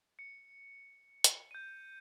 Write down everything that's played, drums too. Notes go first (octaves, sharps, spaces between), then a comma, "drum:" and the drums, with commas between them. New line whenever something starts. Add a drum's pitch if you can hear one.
C#7
drum: hi-hat
G6 D#7